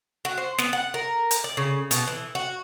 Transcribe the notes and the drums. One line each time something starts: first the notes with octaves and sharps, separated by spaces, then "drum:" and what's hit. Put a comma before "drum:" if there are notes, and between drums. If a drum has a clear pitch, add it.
F#4
C5
B3, drum: snare
F#5
A#4
drum: hi-hat
D5
C#3
B2, drum: hi-hat
E3
F#4